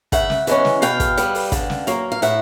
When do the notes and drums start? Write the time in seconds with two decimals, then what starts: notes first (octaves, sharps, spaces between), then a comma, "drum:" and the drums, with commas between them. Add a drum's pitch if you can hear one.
0.12 C#3 E5 F#5, drum: kick, hi-hat
0.30 drum: snare
0.47 E3 G#3 C#4, drum: hi-hat
0.65 drum: snare
0.82 B2 F5 G5, drum: hi-hat
1.00 drum: kick, hi-hat
1.17 G3 B3, drum: hi-hat
1.35 drum: open hi-hat
1.52 D3, drum: kick, hi-hat
1.70 drum: snare
1.87 F#3 A#3, drum: hi-hat
2.12 F5
2.22 A2 E5 F#5, drum: hi-hat